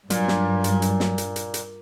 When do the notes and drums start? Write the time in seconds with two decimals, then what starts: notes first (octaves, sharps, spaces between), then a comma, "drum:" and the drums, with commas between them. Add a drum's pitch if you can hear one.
0.10 G2 A#2 F#3 G3, drum: hi-hat
0.28 drum: snare
0.64 drum: hi-hat
0.82 drum: hi-hat
1.00 drum: snare
1.18 drum: hi-hat
1.36 drum: hi-hat
1.54 drum: hi-hat